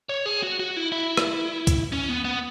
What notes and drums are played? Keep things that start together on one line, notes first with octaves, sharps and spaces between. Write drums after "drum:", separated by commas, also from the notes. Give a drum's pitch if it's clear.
C#5
G#4
F#4
F#4
E4
E4
drum: rim click
drum: kick, hi-hat
C#4
B3
B3